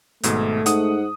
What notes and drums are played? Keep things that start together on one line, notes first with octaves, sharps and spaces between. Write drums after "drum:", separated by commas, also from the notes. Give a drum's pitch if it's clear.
G#1 G#2 B2 A3, drum: hi-hat
G#2 F#5 D#6, drum: hi-hat